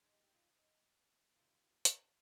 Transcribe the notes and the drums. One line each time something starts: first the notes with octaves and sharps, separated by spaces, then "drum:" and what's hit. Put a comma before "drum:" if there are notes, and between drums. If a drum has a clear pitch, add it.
D#3 G#3 D#4 G#4
G4
G4
F4
D#4
C3 D#3 G3 F4
drum: hi-hat